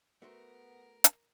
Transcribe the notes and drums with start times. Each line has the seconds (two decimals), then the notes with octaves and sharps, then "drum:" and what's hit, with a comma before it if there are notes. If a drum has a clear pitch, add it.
0.22 A3 B3 F#4 A#4 C5
1.04 drum: hi-hat